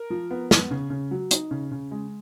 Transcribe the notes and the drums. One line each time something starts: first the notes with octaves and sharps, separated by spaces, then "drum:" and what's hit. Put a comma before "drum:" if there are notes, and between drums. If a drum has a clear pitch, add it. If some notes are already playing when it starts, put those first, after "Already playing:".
Already playing: A#4
F3
B3
B3, drum: snare
C#3
C#3
F#3
D#4, drum: hi-hat
C#3
C#3
G#3